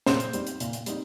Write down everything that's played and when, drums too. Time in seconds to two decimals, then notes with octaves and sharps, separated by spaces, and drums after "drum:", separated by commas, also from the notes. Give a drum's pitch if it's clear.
0.06 A#2 C5, drum: snare
0.20 drum: hi-hat
0.33 G3 C4 D#4, drum: hi-hat
0.47 drum: hi-hat
0.60 A#2, drum: hi-hat
0.73 drum: hi-hat
0.86 G3 C4 D#4, drum: hi-hat